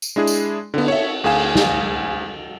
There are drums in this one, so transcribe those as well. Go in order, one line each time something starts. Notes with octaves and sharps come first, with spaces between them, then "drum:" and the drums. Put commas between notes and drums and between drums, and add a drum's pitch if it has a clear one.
drum: tambourine
G#3 D4 E4 G#4
drum: tambourine
D3 B3, drum: cymbal
C#5 E5
D2 G#4 F5 G#5 E7, drum: cymbal
drum: snare